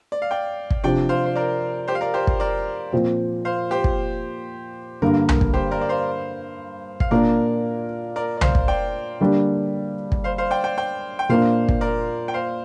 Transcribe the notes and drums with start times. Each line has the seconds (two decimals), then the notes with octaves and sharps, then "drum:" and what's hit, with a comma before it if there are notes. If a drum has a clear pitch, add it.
0.12 D5
0.22 F5
0.31 D5 G5
0.71 drum: kick
0.84 C3 F3 D4 D5 G5
1.09 C5 F5
1.26 C5
1.35 A#4 D5
1.88 G4 C5
1.95 F5
2.01 A#4 D5
2.14 G4 C5
2.27 drum: kick
2.40 A#4 D5
2.93 A#2 F3 C4
3.45 C5 F5
3.71 G4 C5
3.84 drum: kick
5.02 G2 D3 A#3 A#4
5.29 A#4, drum: tom C2
5.41 drum: kick
5.54 G4 C5
5.71 A#4 D5
5.81 D5
5.89 C5 F5
7.00 F5, drum: kick
7.11 A#2 A#3 D4 A#4 D5
8.16 A#4 D5
8.37 D5
8.41 C5 F5, drum: tom C2
8.55 drum: kick
8.68 D5 G5
9.20 D3 G3 A#3 D4
10.12 drum: kick
10.24 C5 F5
10.38 C5 F5
10.51 D5 G5
10.64 D5 G5
10.78 D5 G5
11.19 G5
11.29 A#2 A#3 D4 C5 F5
11.69 drum: kick
11.81 A#4 D5
12.28 G5
12.34 C5 F5